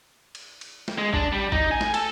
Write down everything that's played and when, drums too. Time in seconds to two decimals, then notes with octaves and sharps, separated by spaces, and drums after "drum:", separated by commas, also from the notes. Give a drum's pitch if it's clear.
0.35 drum: cymbal
0.61 drum: cymbal
0.88 drum: snare
0.98 G#3
1.14 D4, drum: kick G#1
1.32 G3
1.52 D#4, drum: kick G#1
1.71 G#5
1.81 drum: snare
1.94 A4, drum: cymbal